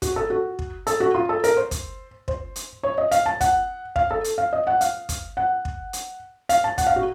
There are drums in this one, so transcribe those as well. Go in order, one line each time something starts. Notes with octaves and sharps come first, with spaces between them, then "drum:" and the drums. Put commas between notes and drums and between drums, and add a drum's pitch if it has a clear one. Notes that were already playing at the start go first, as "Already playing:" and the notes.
F#4, drum: kick, hi-hat
A4
F#4
drum: kick
A4, drum: hi-hat
F#4
F4
A4
A#4, drum: hi-hat
C5
drum: kick, hi-hat
C5, drum: kick
drum: hi-hat
C#5
D#5
F5, drum: hi-hat
A5
F#5, drum: kick, hi-hat
F5, drum: kick
A4
drum: hi-hat
F5
D#5
F#5
F5, drum: hi-hat
drum: kick, hi-hat
F#5
drum: kick
drum: hi-hat
F5, drum: hi-hat
A5
F#5, drum: kick, hi-hat
F5
F#4